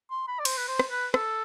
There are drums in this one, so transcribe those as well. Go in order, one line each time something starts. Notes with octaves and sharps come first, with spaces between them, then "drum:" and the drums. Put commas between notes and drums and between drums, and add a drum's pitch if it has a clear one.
C6
B5
D5
C5, drum: cymbal
B4
C5
drum: rim click
B4
A4, drum: rim click